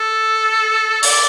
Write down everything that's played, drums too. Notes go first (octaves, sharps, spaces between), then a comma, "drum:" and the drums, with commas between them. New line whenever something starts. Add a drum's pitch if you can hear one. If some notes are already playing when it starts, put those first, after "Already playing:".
Already playing: A4
D5, drum: open hi-hat